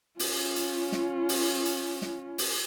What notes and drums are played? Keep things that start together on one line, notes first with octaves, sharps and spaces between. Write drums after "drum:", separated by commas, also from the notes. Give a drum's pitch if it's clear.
C#4 F4, drum: open hi-hat
drum: hi-hat
drum: snare
drum: open hi-hat
drum: hi-hat
drum: snare
drum: open hi-hat